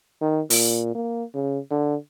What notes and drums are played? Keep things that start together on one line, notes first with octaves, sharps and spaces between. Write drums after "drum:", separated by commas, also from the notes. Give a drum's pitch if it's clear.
D#3
A#2, drum: open hi-hat
A#3
C#3
D3